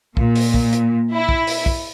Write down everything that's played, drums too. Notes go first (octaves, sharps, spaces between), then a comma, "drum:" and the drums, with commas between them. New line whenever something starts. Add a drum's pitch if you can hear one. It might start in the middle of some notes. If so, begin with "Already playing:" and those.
A#2, drum: kick
drum: open hi-hat
drum: kick
drum: hi-hat
E4
drum: kick
drum: open hi-hat
drum: kick